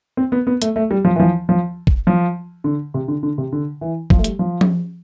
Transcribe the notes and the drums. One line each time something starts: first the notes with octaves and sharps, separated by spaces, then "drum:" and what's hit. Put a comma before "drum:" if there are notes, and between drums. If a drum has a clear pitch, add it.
C4
B3
B3
A3, drum: hi-hat
A3
G3
F3
E3
F3
F3
drum: kick
F3
D3
C3
D3
D3
C3
D3
E3
F3, drum: kick
A3
G3, drum: hi-hat
F3
drum: tom F3